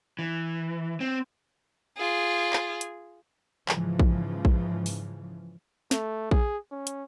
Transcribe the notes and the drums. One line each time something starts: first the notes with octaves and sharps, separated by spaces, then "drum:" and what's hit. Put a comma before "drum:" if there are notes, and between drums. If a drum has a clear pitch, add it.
E3
C4
F4 G#4
drum: clap
drum: hi-hat
G#2 C#3 E3 F3, drum: clap
drum: kick A#1
drum: kick A#1
drum: open hi-hat
A3, drum: snare
G#4, drum: kick A#1
C#4
drum: hi-hat